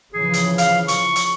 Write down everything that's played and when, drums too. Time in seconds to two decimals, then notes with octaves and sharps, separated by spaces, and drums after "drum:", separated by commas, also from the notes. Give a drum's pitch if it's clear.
0.14 C#3 E3 F3 G#4
0.33 drum: hi-hat
0.58 F5, drum: hi-hat
0.88 C#6, drum: hi-hat
1.16 drum: hi-hat